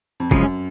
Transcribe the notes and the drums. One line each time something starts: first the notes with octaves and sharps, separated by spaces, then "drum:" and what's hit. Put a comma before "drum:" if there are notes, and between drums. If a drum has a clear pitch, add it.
F2
F#2 C#3 F3 G#3 C#4, drum: kick